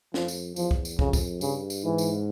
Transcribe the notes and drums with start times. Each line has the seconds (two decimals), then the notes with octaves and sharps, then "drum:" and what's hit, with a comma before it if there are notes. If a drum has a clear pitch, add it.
0.14 F2 F3, drum: snare
0.28 drum: tambourine
0.56 E2 F3, drum: tambourine
0.71 drum: kick
0.85 drum: tambourine
0.99 F2 C#3, drum: kick
1.13 drum: kick, tambourine
1.41 G2 C#3, drum: tambourine
1.70 drum: tambourine
1.84 G#2 E3
1.98 drum: tambourine